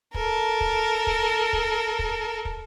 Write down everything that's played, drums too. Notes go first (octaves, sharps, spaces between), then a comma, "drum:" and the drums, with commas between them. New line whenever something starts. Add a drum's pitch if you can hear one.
A4 A#4, drum: kick
drum: kick
drum: kick
drum: kick
drum: kick
drum: kick